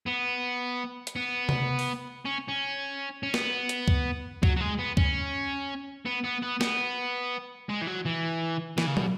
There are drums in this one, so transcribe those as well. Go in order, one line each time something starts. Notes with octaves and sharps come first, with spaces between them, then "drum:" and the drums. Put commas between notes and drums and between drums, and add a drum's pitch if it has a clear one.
B3
drum: hi-hat
B3
drum: tom C3
drum: open hi-hat
C#4
C#4
C#4
B3, drum: snare
drum: hi-hat
drum: kick
F#3, drum: kick
F#3
G#3
B3
C#4, drum: kick
B3
B3
B3
B3, drum: snare
G#3
E3
F#3
E3
E3, drum: snare
C#3
B2, drum: tom